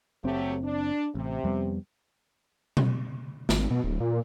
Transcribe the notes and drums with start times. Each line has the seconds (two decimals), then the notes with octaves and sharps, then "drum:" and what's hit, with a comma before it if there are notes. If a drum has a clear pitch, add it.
0.24 F#1 F#3 A3 C4 G4
0.64 D4
1.15 A1 C3
1.44 F2 G3 B3
2.77 drum: tom B2
3.49 G#1, drum: snare
3.71 B2
3.84 D1
4.00 A#2